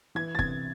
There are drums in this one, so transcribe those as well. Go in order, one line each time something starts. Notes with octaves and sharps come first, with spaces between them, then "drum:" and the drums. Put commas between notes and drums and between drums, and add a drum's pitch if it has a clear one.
E3 G#6
A6
C3 G#6, drum: kick